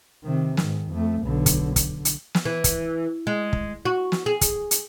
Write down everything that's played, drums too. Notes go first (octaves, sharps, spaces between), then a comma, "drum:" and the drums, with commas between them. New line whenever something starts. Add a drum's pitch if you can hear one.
C3 D#3
G#2 D#3, drum: snare
F2 A3
B1 D3
drum: kick, hi-hat
D3, drum: kick, hi-hat
drum: hi-hat
drum: snare
E3
drum: kick, hi-hat
G#3
drum: kick
F#4
drum: snare
G#4
drum: kick, hi-hat
drum: hi-hat